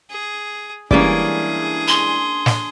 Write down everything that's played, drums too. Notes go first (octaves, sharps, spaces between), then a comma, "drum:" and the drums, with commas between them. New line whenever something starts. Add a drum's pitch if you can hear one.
G#4
E3 G3 G#3 A#3 C#4 D4 G#4 D5, drum: kick
C6
drum: snare